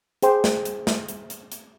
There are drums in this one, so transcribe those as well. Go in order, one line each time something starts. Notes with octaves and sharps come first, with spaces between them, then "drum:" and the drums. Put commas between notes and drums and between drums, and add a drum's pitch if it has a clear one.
G#4 C5 G5 C6, drum: hi-hat
drum: snare
drum: hi-hat
drum: snare
drum: hi-hat
drum: hi-hat
drum: hi-hat